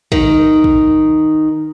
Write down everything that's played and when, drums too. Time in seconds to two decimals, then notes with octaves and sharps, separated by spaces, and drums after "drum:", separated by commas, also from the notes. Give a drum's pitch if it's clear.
0.12 D#3, drum: kick
0.64 drum: kick